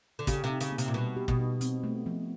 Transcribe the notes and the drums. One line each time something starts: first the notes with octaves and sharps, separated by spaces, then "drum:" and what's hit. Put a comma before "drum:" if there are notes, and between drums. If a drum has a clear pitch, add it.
D3
C#3 G4, drum: kick, hi-hat
C3
D#4
C#3, drum: hi-hat
A#3
C3, drum: hi-hat
A#2
B2 G3
G4
B2, drum: kick
D#4
C4, drum: hi-hat
A3
F3